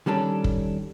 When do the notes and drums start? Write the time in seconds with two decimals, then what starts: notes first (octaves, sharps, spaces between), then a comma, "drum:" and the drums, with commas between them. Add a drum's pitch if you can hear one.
0.06 D#3 G3 C#4 D4 A4
0.44 drum: kick